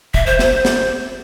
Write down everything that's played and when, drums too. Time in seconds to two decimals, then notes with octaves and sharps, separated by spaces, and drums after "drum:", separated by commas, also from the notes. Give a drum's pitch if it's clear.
0.14 E5, drum: kick
0.26 C5
0.39 C5, drum: snare
0.65 drum: snare